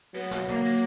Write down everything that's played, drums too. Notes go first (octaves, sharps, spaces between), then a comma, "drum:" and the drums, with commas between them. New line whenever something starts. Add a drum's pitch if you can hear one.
F#3 B3, drum: cymbal
drum: snare
A#3, drum: tom
drum: cymbal